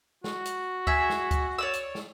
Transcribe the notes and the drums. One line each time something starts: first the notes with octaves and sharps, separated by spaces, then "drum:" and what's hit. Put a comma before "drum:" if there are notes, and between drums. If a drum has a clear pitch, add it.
F#4, drum: snare
drum: hi-hat
G#4 E5, drum: kick C#2
drum: snare
drum: kick C#2, hi-hat
C#5 D5 E6
drum: hi-hat
drum: snare